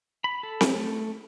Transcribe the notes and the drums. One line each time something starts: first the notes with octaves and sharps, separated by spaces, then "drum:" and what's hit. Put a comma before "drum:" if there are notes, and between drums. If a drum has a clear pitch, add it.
B5
A4
drum: snare C4
A3